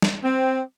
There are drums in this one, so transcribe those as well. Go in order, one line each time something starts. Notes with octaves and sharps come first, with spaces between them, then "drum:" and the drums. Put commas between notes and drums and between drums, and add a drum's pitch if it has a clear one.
drum: snare
C4